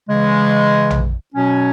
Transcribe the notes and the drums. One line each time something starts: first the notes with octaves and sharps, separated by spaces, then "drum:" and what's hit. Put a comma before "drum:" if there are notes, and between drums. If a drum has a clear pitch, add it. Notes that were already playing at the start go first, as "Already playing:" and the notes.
C#3 E3 G#3
drum: tom A#1
B2 F#3 C#4